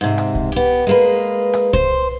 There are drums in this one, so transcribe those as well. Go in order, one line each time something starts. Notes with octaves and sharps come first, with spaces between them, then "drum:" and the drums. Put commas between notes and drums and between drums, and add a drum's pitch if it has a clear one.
G#2 C3
drum: rim click
drum: kick C2
B3 G4
G#3 A#3 B4
drum: rim click
C5, drum: kick C2